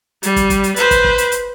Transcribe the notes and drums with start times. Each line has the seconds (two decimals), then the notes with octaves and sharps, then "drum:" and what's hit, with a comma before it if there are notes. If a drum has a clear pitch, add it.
0.23 G3, drum: hi-hat
0.36 drum: kick, hi-hat
0.50 drum: kick, hi-hat
0.64 drum: hi-hat
0.76 B4 C5, drum: hi-hat
0.91 drum: kick, hi-hat
1.04 drum: kick
1.18 drum: hi-hat
1.32 drum: hi-hat